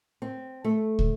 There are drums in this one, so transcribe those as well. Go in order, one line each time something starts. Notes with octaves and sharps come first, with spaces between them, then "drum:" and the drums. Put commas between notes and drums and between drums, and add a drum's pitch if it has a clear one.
C4
A3
drum: kick